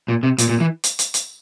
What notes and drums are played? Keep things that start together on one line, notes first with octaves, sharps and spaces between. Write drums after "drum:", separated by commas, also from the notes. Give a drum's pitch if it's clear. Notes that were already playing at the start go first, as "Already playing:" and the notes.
A#2
C3
A#2, drum: hi-hat
A#2
E3
drum: hi-hat
drum: hi-hat
drum: hi-hat